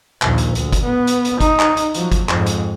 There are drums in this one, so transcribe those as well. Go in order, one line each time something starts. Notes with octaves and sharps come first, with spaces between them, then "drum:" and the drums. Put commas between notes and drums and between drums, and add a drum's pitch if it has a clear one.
A#1 D#2, drum: clap
drum: hi-hat
D2, drum: hi-hat
drum: kick, hi-hat
B3
drum: hi-hat
drum: hi-hat
D#4, drum: kick, hi-hat
drum: clap
drum: hi-hat
F3 F#3, drum: hi-hat
drum: kick, hi-hat
F2 G#2, drum: clap
drum: hi-hat